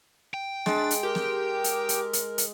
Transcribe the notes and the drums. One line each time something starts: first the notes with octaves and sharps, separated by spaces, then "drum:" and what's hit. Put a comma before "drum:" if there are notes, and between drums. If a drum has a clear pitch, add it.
G5
G#3 D4 A6, drum: snare
drum: hi-hat
G4 A#4
drum: snare
drum: hi-hat
drum: hi-hat
drum: hi-hat
drum: hi-hat